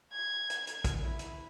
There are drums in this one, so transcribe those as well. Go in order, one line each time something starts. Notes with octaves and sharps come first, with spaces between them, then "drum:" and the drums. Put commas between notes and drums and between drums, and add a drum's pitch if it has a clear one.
G#6
drum: hi-hat
drum: hi-hat
drum: kick, hi-hat
E4
drum: hi-hat